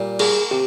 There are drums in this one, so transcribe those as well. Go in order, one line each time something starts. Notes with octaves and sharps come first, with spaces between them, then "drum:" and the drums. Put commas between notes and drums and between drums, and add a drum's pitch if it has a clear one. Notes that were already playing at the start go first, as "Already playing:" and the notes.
Already playing: A#2 G3
A#3 G#4, drum: cymbal
C3 G4